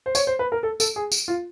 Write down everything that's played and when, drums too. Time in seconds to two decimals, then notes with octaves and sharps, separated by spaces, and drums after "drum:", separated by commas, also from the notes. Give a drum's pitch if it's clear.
0.06 C5
0.15 C#5, drum: tambourine
0.27 C5
0.39 B4
0.52 A#4
0.63 A4
0.80 A4, drum: tambourine
0.96 G#4
1.12 drum: tambourine
1.28 F4